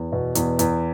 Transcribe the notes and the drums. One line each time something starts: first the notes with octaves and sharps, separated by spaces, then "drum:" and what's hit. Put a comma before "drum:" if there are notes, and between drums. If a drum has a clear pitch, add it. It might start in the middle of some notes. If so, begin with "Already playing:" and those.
Already playing: E2
B2
E2, drum: hi-hat
E2, drum: hi-hat